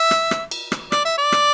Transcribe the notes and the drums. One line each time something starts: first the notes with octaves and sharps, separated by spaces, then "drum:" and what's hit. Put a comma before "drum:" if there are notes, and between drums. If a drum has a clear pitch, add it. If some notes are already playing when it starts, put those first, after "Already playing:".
Already playing: E5
drum: rim click
drum: rim click
drum: cymbal
drum: rim click
D5, drum: rim click
E5
D5
drum: rim click